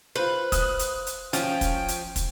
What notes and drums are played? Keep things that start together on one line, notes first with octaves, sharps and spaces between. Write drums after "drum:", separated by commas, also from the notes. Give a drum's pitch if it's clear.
F4 B4 C5
D#6 F#6, drum: kick, hi-hat
drum: hi-hat
drum: hi-hat
F3 C#4 G5, drum: hi-hat
drum: kick, hi-hat
drum: hi-hat
drum: kick, hi-hat